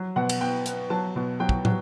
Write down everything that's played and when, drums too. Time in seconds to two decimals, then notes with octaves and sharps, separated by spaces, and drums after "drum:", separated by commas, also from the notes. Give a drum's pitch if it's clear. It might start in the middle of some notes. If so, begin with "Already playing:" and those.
Already playing: F#3
0.16 B2 F#5
0.29 drum: cymbal
0.41 B3 G5
0.66 B3, drum: hi-hat
0.90 F#3 A5
1.16 B2
1.40 F#3 G5
1.49 drum: kick
1.65 F#3, drum: tom